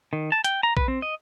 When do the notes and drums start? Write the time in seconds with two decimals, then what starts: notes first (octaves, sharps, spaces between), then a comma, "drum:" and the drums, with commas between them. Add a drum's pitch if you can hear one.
0.13 D#3
0.32 A5
0.44 G5, drum: hi-hat
0.63 A#5
0.77 B4, drum: kick A#1
0.88 C4
1.02 D#5